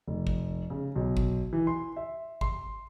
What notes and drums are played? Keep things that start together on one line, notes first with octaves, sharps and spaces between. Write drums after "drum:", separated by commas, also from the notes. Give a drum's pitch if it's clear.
F1
drum: kick G#1
C#3
B1
drum: kick G#1
E3
C6
E5
C6, drum: kick G#1